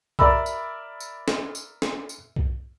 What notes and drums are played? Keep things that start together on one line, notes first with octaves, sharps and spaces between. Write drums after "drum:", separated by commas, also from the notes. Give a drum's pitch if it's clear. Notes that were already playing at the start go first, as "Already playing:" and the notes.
A#4 D5 E5 B5 E6, drum: kick
drum: tambourine
drum: tambourine
drum: snare
drum: tambourine
drum: snare
drum: tambourine
drum: kick